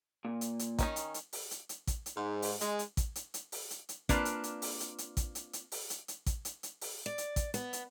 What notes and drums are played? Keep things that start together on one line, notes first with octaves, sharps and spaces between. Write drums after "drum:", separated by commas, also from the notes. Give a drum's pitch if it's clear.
A#2
drum: hi-hat
drum: hi-hat
D#3 C#4 D#4, drum: kick A1, hi-hat
drum: hi-hat
drum: hi-hat
drum: open hi-hat
drum: hi-hat
drum: hi-hat
drum: kick A1, hi-hat
drum: hi-hat
G#2
drum: open hi-hat
G#3, drum: hi-hat
drum: hi-hat
drum: kick A1, hi-hat
drum: hi-hat
drum: hi-hat
drum: open hi-hat
drum: hi-hat
drum: hi-hat
A#3 C4 D4 F4 B4 D5, drum: kick A1, hi-hat
drum: hi-hat
drum: hi-hat
drum: open hi-hat
drum: hi-hat
drum: hi-hat
drum: kick A1, hi-hat
drum: hi-hat
drum: hi-hat
drum: open hi-hat
drum: hi-hat
drum: hi-hat
drum: kick A1, hi-hat
drum: hi-hat
drum: hi-hat
drum: open hi-hat
D5
drum: hi-hat
drum: kick A1, hi-hat
B3, drum: hi-hat
drum: hi-hat